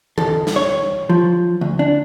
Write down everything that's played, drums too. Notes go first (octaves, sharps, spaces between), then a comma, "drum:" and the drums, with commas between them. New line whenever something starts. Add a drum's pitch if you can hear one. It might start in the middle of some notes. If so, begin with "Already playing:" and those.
A4, drum: tom D#3
drum: snare
C#5
F3
D2
D4